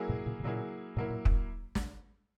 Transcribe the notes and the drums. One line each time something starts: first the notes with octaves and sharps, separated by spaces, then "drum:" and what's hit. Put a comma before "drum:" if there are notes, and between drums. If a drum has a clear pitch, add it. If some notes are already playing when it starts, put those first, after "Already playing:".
Already playing: F#3 A#3 E4 G#4
G#2 B2
A#2 C#3
B2
A#2 C#3 F#3 A#3 E4 G#4
G#2 B2 F#3 A#3 E4
A#2
drum: kick
drum: snare